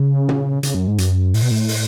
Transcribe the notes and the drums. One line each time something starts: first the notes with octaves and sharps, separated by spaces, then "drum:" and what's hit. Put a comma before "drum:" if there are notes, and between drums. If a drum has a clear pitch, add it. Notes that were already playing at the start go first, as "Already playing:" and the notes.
Already playing: C#3
drum: tom
C#3, drum: hi-hat
F#2
G#2
F#2, drum: hi-hat
A2, drum: open hi-hat
B2
A2
drum: open hi-hat